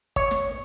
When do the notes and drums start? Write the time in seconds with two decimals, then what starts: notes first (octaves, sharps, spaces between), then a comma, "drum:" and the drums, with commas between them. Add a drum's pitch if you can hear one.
0.16 C#5, drum: kick
0.31 drum: snare